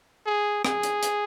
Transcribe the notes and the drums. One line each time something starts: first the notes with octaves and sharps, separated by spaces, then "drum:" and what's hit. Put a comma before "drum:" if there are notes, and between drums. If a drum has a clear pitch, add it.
G#4
G#4, drum: rim click
drum: hi-hat
drum: hi-hat